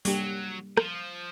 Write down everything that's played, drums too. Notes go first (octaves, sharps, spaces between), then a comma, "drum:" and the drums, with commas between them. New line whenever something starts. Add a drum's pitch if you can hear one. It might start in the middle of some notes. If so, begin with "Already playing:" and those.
F#3 G3 A#3 D4 G4, drum: open hi-hat
F3, drum: rim click